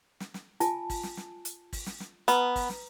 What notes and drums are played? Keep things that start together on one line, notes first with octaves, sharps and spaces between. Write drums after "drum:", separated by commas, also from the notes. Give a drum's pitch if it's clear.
drum: snare
drum: snare
F4 G#5 A5, drum: hi-hat
drum: kick, open hi-hat
drum: snare
drum: snare
drum: hi-hat
drum: kick, open hi-hat
drum: snare
drum: snare
B3 B4 A#5 D#6, drum: hi-hat
drum: kick, open hi-hat
drum: snare